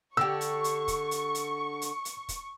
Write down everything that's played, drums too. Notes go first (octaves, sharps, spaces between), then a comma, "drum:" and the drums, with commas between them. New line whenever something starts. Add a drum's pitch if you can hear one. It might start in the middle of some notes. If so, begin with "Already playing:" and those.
D3 G4 C#6 E6
drum: hi-hat
drum: hi-hat
drum: kick, hi-hat
drum: hi-hat
drum: hi-hat
drum: hi-hat
drum: hi-hat
drum: kick, hi-hat